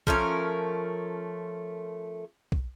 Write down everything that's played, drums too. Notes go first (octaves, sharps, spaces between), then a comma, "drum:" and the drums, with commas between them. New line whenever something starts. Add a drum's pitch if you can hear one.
F3 A3 C#4 A#4, drum: kick
drum: kick